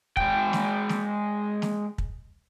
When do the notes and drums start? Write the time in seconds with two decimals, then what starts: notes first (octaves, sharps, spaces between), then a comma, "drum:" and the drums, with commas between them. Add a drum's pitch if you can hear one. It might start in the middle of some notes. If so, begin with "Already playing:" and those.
0.17 G#3 G5, drum: kick
0.53 drum: snare
0.89 drum: snare
1.62 drum: snare
1.98 drum: kick